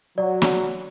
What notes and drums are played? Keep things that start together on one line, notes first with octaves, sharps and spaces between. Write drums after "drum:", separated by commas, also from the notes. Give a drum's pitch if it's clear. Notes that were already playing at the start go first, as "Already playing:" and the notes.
F#3 D5
drum: snare